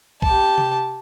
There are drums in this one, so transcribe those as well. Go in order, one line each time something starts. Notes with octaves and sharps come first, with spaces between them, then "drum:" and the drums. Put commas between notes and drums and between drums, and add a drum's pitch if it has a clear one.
G4 A5, drum: kick B1
drum: tom C3